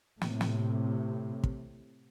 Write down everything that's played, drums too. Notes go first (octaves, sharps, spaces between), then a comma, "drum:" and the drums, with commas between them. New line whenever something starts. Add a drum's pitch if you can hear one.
A2 C3, drum: snare
drum: snare
drum: kick